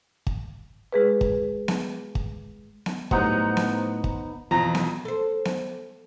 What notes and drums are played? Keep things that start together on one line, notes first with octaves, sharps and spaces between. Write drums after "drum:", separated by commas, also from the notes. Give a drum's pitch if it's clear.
drum: kick
G#3 G#4 B4
drum: kick
drum: snare B3
drum: kick
drum: snare B3
A2 F#3 G3 B3 D#4 C5 F#5 A#5, drum: kick
drum: snare B3
drum: kick
F2 B2 E3 F3 A#5
drum: snare B3
A4 C5
drum: snare B3